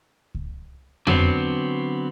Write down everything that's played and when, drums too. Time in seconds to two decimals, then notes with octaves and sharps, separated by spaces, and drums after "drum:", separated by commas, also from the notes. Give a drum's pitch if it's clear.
0.35 drum: kick C#2
1.07 D3 F#3 B3 C4, drum: tom F2